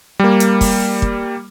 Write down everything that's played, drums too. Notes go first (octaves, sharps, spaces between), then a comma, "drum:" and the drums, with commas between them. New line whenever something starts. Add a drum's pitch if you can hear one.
G3 A#3
drum: hi-hat
drum: kick, open hi-hat
drum: kick